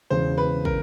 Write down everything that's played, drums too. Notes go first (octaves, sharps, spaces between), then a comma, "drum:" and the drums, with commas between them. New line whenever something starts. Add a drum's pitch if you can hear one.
E1 E2 C#3 C5
B4
A#4, drum: kick